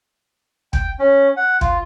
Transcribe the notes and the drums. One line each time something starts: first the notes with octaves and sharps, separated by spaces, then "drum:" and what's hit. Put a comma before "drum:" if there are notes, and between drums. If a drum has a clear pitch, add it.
G5, drum: kick
C#4
F#5
F4, drum: kick